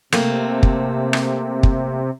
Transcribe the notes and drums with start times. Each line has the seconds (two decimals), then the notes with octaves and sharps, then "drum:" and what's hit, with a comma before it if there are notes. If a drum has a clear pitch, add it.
0.12 C3 A3 A#3 C4, drum: rim click
0.63 drum: kick
1.13 drum: rim click
1.63 drum: kick